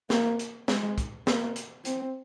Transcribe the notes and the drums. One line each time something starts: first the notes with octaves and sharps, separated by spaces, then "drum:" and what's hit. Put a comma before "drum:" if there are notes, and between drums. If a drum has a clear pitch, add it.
A#3, drum: snare
drum: hi-hat
G#3, drum: snare
drum: kick, hi-hat
A#3, drum: snare
drum: hi-hat
C4, drum: hi-hat